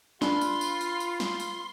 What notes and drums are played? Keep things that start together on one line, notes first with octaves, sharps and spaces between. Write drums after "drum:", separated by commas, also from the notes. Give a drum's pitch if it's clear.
D4 F4 B4 C6, drum: snare
drum: tambourine
drum: tambourine
drum: tambourine
drum: tambourine
drum: snare
drum: tambourine